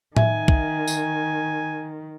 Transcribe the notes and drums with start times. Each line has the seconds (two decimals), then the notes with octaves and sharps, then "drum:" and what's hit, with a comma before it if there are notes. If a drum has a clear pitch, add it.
0.17 D#3 E5 G#5, drum: tom A2
0.48 drum: kick
0.88 drum: tambourine